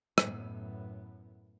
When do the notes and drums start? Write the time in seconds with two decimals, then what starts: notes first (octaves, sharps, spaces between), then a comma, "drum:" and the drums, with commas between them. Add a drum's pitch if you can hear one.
0.18 F#2 A2 B3, drum: rim click